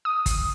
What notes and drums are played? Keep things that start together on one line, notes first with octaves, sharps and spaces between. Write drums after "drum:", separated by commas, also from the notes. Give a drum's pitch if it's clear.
D#6
drum: kick, hi-hat